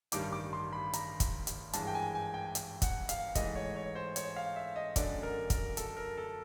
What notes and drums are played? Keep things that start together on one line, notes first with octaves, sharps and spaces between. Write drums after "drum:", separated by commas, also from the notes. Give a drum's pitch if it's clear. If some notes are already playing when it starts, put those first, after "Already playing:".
A1 G2 D#3 G3 D6, drum: hi-hat
D6
C6
B5
A#5, drum: hi-hat
drum: kick, hi-hat
drum: hi-hat
G#1 G2 E3 G#3 A5, drum: hi-hat
G5
G#5
G#5
G5
G5, drum: hi-hat
F#5, drum: kick, hi-hat
F5, drum: hi-hat
G#2 E3 A3 D#5, drum: kick, hi-hat
C#5
C#5
C5
C#5, drum: hi-hat
F5
E5
D#5
F#2 D3 F#3 A3 D5, drum: kick, hi-hat
A#4
A#4, drum: kick, hi-hat
A4, drum: hi-hat
A#4
A4